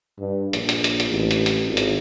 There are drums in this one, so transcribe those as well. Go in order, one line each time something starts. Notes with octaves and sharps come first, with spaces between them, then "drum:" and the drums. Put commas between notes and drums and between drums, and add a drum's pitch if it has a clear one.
G2
A#1, drum: hi-hat
drum: hi-hat
drum: hi-hat
drum: hi-hat
A1
drum: hi-hat
drum: hi-hat
G#1
drum: hi-hat